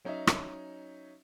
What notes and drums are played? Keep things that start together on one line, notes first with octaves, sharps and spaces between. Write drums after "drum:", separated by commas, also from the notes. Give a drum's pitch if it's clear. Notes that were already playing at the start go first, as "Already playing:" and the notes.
F#3 C#4 D#4 D#5 E5
drum: rim click